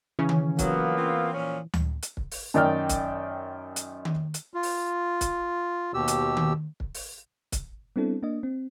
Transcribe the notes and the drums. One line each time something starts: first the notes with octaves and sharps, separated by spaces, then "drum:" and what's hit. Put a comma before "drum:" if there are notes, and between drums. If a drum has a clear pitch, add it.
C#3 E3 C#4
drum: tom D#3
F3 F#3 A#3 B3, drum: kick, hi-hat
C4 F4
A#2 F3 C#4
drum: tom D2
drum: hi-hat
drum: kick
drum: open hi-hat
F#2 D#3 D5 G5 F6
drum: kick, hi-hat
drum: hi-hat
drum: tom D#3
drum: hi-hat
F4
drum: open hi-hat
drum: kick, hi-hat
D#2 B2 G4 E6
drum: hi-hat
drum: tom D#3
drum: kick
drum: open hi-hat
drum: kick, hi-hat
G3 B3 C4 D4 E4 A4
A#3 D4 D#5
C4